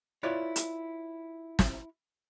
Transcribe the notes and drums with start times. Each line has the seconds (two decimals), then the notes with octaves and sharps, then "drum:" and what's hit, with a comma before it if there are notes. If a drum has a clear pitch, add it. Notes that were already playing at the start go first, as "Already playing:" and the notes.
0.23 E4 F4 B4 C#5 D5
0.56 drum: hi-hat
1.59 drum: snare